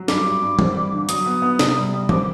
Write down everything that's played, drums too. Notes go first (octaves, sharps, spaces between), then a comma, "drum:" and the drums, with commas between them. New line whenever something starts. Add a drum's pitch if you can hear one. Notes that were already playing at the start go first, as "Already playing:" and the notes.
Already playing: F#3
G2 D6, drum: snare
G2
G2
C4, drum: tom E3
G3
D3
F#3 D#6, drum: hi-hat
B3
B3
C3, drum: snare
G3
G3
C4 D6, drum: tom E3